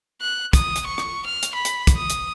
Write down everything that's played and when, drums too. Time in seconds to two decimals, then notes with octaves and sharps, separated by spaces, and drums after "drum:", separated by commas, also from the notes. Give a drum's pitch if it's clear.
0.21 F#6
0.53 D#6, drum: kick, hi-hat
0.76 drum: hi-hat
0.87 C#6
0.98 drum: rim click
1.26 F6
1.43 drum: hi-hat
1.55 B5
1.65 drum: hi-hat
1.87 drum: kick, hi-hat
1.97 D#6
2.10 drum: hi-hat